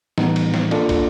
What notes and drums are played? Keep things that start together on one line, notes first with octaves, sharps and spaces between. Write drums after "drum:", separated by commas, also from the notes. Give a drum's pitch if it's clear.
A2 E3 G3 B3 D#4, drum: snare
drum: cymbal
drum: snare
A#3 D4 F4 A4 D5, drum: cymbal
drum: kick, cymbal